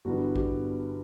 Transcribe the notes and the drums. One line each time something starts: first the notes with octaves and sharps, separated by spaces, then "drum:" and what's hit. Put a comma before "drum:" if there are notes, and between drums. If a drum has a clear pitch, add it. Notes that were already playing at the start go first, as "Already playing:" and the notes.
G1 G2 E3 G3 B3 F#4
G4, drum: kick G#1